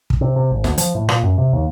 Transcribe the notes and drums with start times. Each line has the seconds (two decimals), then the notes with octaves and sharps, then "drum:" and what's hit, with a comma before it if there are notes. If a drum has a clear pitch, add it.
0.10 drum: kick
0.21 C3
0.36 C3
0.51 G#1
0.64 D2, drum: snare
0.78 F3, drum: hi-hat
0.95 A2
1.09 A#2, drum: rim click
1.23 F#2
1.38 C3
1.53 D#2